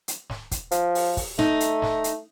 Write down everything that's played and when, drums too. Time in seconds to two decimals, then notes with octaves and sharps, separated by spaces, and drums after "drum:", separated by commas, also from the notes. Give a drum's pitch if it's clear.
0.08 drum: hi-hat
0.30 drum: snare
0.51 drum: kick, hi-hat
0.71 F3, drum: hi-hat
0.95 drum: open hi-hat
1.17 drum: kick, open hi-hat
1.39 A3 D#4, drum: snare
1.60 drum: hi-hat
1.82 drum: snare
2.04 drum: hi-hat